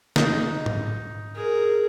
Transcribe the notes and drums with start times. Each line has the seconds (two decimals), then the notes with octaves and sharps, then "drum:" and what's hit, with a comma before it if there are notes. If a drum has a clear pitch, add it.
0.16 D#4, drum: snare
0.66 drum: tom G#2
1.35 G#4 A#4